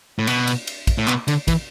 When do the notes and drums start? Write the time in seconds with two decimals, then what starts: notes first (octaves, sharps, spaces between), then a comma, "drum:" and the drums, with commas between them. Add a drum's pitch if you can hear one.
0.19 A2
0.27 B2, drum: cymbal
0.47 drum: cymbal
0.67 drum: cymbal
0.87 drum: kick, cymbal
0.98 A2
1.07 B2, drum: clap
1.28 D3, drum: cymbal
1.48 E3, drum: kick, cymbal